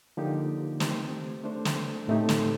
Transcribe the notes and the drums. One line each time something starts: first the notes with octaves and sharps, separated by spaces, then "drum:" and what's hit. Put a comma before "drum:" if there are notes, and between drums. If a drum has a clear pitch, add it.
D3 F3 A#3 D#4 G4
D#3 A3 C4 G4 C5, drum: snare
A3 D4 A4 C5
drum: snare
A2 A3 C4 D#4 G4
drum: snare